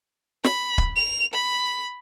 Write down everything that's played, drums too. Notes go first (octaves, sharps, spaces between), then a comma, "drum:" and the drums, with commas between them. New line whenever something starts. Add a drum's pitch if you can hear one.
B5, drum: snare
drum: kick
F7
B5